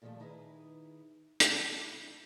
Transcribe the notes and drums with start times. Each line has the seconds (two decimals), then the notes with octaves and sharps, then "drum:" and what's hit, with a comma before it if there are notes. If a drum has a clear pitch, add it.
0.02 A#2 D3 D#3 F3 G3 A3
0.20 D#3 D#4 E4 G#4 B4
1.40 C3 A3 E4 A4, drum: hi-hat